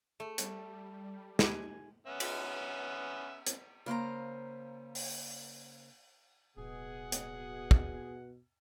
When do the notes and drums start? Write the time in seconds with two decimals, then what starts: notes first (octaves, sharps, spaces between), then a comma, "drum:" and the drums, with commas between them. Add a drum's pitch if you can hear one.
0.20 A3
0.38 G3, drum: hi-hat
1.39 D#4 G4 G#5, drum: snare
2.07 B3 C#4 E5
2.20 drum: cymbal
3.47 drum: hi-hat
3.86 C#3 A#3 C5 A#5
4.95 drum: open hi-hat
6.57 D1 B2 G#4 F#5
7.12 drum: hi-hat
7.71 drum: kick